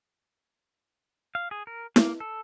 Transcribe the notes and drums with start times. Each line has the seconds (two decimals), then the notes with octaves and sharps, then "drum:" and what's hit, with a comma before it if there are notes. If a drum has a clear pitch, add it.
1.35 F5
1.51 G#4
1.67 A#4
1.96 A#3, drum: snare E4
2.20 A4